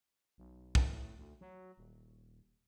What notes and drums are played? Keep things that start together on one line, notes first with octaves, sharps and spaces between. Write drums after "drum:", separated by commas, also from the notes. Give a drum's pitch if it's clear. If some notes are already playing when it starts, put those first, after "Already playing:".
B1
A2, drum: kick
D2
F#3
D#1